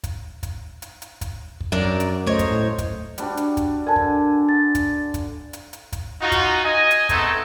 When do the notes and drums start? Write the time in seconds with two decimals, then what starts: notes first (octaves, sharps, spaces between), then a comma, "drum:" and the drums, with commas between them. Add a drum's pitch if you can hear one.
0.04 drum: kick, hi-hat
0.43 drum: kick, hi-hat
0.82 drum: hi-hat
1.02 drum: hi-hat
1.21 drum: kick, hi-hat
1.61 drum: kick
1.72 F#2 D4 A#4 D5
2.00 drum: hi-hat
2.27 A3 A#4 C5 C#5 D#5
2.39 drum: kick, hi-hat
2.50 A2
2.78 drum: kick, hi-hat
3.18 G3 D4 F#4, drum: hi-hat
3.37 drum: hi-hat
3.57 drum: kick, hi-hat
3.86 D3 A#4 G#5 A5
3.96 drum: kick
4.49 A6
4.75 drum: kick, hi-hat
5.14 drum: kick, hi-hat
5.53 drum: hi-hat
5.73 drum: hi-hat
5.93 drum: kick, hi-hat
6.21 D#4 F4 F#4
6.32 drum: kick, hi-hat
6.64 D#5 G#5
6.91 drum: hi-hat
7.09 G#3 A3 B3 C4 D#4 A4, drum: kick, hi-hat